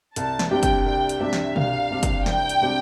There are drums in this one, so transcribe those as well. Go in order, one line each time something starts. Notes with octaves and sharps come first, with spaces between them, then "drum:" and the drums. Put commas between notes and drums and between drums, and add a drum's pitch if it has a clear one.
C2 A5, drum: hi-hat
drum: snare
C3 G3 D4 G4 G5
drum: kick, hi-hat
C2 G5
drum: hi-hat
C3 G3 D4 G4 E5
drum: snare
C2 F5, drum: tom B2
C3 G3 D4 G4
drum: kick, hi-hat
C2 G5, drum: snare
drum: hi-hat
C3 G3 D4 G4